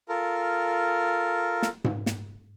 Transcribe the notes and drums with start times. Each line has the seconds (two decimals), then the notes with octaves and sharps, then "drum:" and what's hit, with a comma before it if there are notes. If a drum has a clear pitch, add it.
0.09 F4 A4 A#4
1.62 drum: snare
1.84 drum: tom G#2
2.06 drum: snare